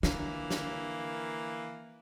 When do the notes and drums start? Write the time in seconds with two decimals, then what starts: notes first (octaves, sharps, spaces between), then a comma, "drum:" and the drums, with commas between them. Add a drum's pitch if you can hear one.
0.03 D3 E3 A#3, drum: snare
0.50 drum: snare